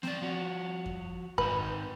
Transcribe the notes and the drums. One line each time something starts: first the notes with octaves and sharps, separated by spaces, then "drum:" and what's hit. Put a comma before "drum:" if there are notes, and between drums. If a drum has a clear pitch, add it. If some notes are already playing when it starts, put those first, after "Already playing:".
C4 D5, drum: snare
F3 F#4
drum: kick F2
G#2 D#3 D#4 B4, drum: kick F2